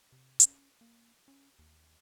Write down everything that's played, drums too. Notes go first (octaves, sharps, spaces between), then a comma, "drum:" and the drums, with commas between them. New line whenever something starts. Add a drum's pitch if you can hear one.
C3
C#4, drum: hi-hat
A#3
C#4
D#2